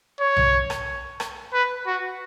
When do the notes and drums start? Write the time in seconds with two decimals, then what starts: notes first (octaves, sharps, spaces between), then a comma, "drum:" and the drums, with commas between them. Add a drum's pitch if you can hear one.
0.20 C#5
0.37 drum: tom B1
0.70 drum: rim click
1.20 drum: rim click
1.53 B4
1.87 F#4